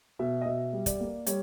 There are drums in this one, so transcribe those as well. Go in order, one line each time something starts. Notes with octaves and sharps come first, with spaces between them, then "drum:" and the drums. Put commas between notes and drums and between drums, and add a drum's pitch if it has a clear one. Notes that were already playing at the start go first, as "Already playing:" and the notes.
B2 E5
D#5
B2 E5
G3
D5, drum: kick, hi-hat
A#3
G3 C#5, drum: hi-hat